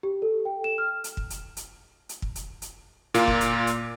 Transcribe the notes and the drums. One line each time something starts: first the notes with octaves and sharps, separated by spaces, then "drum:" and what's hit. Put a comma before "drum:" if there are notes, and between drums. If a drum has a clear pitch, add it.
G4
A4
G5
E7
F6
drum: hi-hat
drum: kick
drum: hi-hat
drum: hi-hat
drum: hi-hat
drum: kick
drum: hi-hat
drum: hi-hat
A#2 A#3 F4, drum: hi-hat
drum: kick
drum: hi-hat
drum: hi-hat